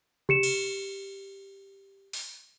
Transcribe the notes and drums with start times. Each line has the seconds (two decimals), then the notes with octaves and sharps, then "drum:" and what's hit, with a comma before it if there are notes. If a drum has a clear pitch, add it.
0.29 G4 C#7 E7, drum: tom C3
0.43 drum: cymbal
2.13 drum: open hi-hat